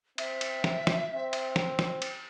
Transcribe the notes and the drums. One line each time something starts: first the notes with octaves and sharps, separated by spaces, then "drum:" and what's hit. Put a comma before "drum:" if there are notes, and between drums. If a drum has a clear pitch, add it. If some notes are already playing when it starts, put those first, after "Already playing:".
C4 E5, drum: cymbal
drum: cymbal
drum: snare
drum: snare
C4
drum: cymbal
drum: snare
drum: snare
drum: cymbal